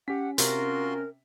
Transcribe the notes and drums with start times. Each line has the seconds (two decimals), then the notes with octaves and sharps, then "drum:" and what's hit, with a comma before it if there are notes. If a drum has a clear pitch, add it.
0.08 C#4 G4 F#5 B6
0.38 C3 F4 F#4 A#4 C6, drum: hi-hat